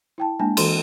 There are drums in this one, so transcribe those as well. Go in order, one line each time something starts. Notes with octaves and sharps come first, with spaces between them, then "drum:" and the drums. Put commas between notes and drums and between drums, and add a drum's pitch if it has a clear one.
E4 G5 A5
G#3 A#3 D4 G#5 A5
E3 F#4 A4 C6, drum: cymbal